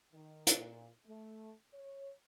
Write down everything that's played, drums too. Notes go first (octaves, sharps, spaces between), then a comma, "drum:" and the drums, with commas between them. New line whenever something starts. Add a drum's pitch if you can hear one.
D#3
drum: hi-hat
A#2
A3
C#5